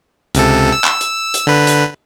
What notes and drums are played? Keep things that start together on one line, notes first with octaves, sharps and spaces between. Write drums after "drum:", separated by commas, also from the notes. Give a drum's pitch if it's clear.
C#2 C3 A4, drum: hi-hat
E6
drum: clap
drum: hi-hat
drum: hi-hat
D3 B4
drum: hi-hat